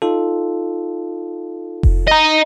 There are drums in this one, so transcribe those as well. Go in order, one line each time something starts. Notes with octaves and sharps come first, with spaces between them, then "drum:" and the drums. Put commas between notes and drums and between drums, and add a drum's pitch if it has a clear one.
D#4 F4 A4
drum: kick F1
D#5 A#5